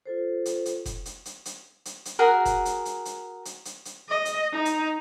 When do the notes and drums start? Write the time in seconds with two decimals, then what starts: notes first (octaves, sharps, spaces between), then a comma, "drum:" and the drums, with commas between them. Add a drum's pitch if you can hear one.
0.06 F4 A4 C5
0.46 drum: hi-hat
0.65 drum: hi-hat
0.85 drum: kick F1, hi-hat
1.05 drum: hi-hat
1.25 drum: hi-hat
1.45 drum: hi-hat
1.85 drum: hi-hat
2.05 drum: hi-hat
2.19 F#4 G#4 A#4
2.45 drum: kick F1, hi-hat
2.65 drum: hi-hat
2.85 drum: hi-hat
3.05 drum: hi-hat
3.45 drum: hi-hat
3.65 drum: hi-hat
3.85 drum: hi-hat
4.09 D#5
4.25 drum: hi-hat
4.52 D#4
4.65 drum: hi-hat